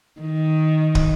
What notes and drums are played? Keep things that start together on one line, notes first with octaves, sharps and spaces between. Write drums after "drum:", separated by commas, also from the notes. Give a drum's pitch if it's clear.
D#3
drum: kick